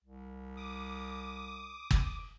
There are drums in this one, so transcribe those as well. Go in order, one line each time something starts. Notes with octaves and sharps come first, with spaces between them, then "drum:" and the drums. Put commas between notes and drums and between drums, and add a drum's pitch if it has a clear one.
C2
D6 D#6
drum: kick G1